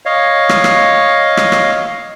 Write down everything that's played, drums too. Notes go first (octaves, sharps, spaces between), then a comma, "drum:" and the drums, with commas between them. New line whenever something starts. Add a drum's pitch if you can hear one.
C#5 D#5 F5
drum: rim click
drum: rim click
drum: rim click
drum: rim click